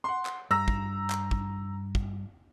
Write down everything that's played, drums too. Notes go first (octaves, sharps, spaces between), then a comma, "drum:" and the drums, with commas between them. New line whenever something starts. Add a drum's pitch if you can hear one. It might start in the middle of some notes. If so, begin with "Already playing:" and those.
F#5 C6
drum: clap
G2 A#5 E6 A#6
drum: kick
drum: clap
drum: kick
drum: kick